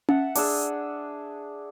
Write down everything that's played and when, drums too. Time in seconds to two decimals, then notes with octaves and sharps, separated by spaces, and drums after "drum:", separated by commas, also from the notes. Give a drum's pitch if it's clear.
0.09 E5 F#5 A5, drum: tom C#4
0.35 D4 G#4 E6, drum: open hi-hat